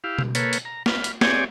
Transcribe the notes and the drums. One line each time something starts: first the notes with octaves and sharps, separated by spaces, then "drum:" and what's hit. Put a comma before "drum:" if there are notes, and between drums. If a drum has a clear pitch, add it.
E4 G4 F5
drum: tom B2
A#3 A4 B4 C#5, drum: hi-hat
drum: hi-hat
A#5
B5 F6, drum: snare
drum: hi-hat
C4 G4 G#4 C#5 D5 G#5, drum: snare